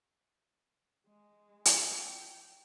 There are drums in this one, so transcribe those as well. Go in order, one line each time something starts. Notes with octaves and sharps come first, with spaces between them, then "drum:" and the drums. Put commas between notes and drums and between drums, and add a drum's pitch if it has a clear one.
G#3
drum: hi-hat
G5